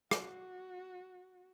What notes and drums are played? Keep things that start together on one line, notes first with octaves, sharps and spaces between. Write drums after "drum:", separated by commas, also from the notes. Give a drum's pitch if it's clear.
F#4, drum: rim click